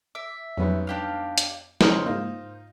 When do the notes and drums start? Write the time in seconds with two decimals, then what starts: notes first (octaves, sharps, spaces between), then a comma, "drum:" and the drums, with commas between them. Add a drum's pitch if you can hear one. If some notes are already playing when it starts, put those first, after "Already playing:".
0.15 E5 D6
0.57 F2 G#2 F#3 G3 B3 C#4
0.87 D4 G4 F5
1.38 drum: hi-hat
1.81 F2 C#3 C#4 C5 A#5 D#6 F6, drum: snare
2.06 G#2 A#3 D#4 F4